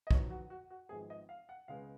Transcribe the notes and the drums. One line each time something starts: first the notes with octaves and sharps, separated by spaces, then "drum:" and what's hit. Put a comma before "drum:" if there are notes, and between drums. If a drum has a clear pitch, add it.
D#5
F2 D#3 F#3 B3 C#5, drum: kick
F#4
F#4
F#4
G#1 G#2 F3 B3 G#4
D#5
F5
F#5
C#2 C#3 G#3 B3 F5